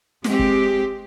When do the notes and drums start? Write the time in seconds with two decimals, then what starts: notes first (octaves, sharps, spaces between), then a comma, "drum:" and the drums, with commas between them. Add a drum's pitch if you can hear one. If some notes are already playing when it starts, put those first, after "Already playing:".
0.24 G#3 C4 G4, drum: snare
0.39 drum: kick